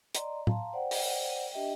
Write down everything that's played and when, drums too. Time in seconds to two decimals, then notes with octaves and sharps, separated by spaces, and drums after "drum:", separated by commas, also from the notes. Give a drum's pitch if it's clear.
0.15 D5 D#5 A#5 C6, drum: hi-hat
0.47 F5 A5 A#5 C6, drum: tom A2
0.73 C5 D5 F#5 G5
0.91 drum: open hi-hat
1.53 D4 G4 D#5 E5 G5